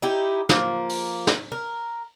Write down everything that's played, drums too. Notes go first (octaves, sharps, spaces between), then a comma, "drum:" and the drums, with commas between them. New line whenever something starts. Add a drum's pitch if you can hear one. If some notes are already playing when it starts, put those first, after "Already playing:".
D#4 E4 G4
F3 A#3, drum: snare
drum: open hi-hat
drum: snare
A#4